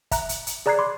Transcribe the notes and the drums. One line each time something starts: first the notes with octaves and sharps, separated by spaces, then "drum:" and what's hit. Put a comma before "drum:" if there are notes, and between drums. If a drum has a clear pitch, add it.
E5 A#5 F#6, drum: kick, hi-hat
drum: hi-hat
drum: hi-hat
G#4 D5 A#5 F#6 G#6 C7
B5 C6 D6